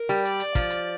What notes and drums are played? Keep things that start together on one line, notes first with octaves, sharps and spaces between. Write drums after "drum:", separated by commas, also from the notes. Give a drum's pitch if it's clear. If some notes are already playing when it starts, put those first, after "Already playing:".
Already playing: A#4
G3
D5, drum: hi-hat
drum: hi-hat
F3, drum: kick, hi-hat
drum: hi-hat